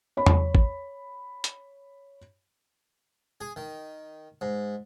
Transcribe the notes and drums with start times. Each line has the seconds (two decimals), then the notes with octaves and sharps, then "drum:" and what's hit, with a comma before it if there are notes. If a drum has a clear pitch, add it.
0.17 C#5 B5
0.26 drum: tom E2
0.55 drum: kick
1.44 drum: hi-hat
3.41 G#4
3.56 D#3
4.41 G#2